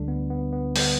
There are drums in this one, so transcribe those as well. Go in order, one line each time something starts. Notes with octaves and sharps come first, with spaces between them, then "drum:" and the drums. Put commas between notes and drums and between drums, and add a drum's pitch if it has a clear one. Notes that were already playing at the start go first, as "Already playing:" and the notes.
Already playing: D2 D3 G3 D4
B3
B3
B3
D3 G3 B3, drum: open hi-hat